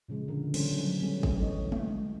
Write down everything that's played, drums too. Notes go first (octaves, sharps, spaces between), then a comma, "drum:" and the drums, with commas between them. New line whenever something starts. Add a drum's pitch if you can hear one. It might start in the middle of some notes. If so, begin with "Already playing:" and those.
A#2 C#3 F3 G#3
D3 A#4
E3 G3 A3 C#4 D4 C5, drum: cymbal
F#3
G3 A3 B3 C#4
drum: kick
E3 A3 C#5 D#5
drum: tom G#3